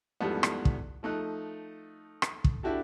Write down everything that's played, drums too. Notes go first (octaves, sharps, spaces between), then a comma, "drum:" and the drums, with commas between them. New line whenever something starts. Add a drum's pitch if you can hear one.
E2 G#2 F3 G3 A3 B3
drum: rim click
drum: kick
F3 A3 D#4 F#6
drum: rim click
drum: kick
D4 E4 F#4 G4 A4